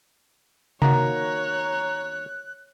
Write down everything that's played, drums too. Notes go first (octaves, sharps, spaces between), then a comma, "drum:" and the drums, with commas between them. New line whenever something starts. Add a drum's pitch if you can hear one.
D#3 A#3 F#4 C#5 A#5 F#6, drum: tom C3